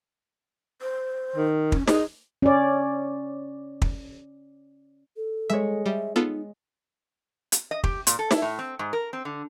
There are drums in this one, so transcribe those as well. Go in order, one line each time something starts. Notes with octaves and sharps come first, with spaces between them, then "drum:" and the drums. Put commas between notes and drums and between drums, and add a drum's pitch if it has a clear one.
C5
D#3
C#4, drum: kick
D#4 G#4, drum: snare
C#4 D5
drum: kick
A4
G#3 C#5 E5
G3 E5
B3 D#4 F4 A4
drum: hi-hat
D#5
G4, drum: kick
A#2, drum: hi-hat
A4
E4, drum: snare
A2
C4
G#2
A#4
C4
D3